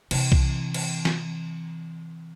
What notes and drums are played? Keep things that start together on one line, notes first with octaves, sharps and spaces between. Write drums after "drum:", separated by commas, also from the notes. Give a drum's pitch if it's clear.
C3 E3, drum: cymbal
drum: kick B1
drum: cymbal
drum: snare